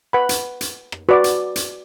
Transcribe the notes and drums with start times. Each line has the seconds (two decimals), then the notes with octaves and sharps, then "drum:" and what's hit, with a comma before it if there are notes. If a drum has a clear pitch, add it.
0.13 B4 F#5 B5
0.29 drum: hi-hat
0.61 drum: hi-hat
0.92 drum: rim click
1.09 F#4 B4 D5
1.24 drum: hi-hat
1.56 drum: hi-hat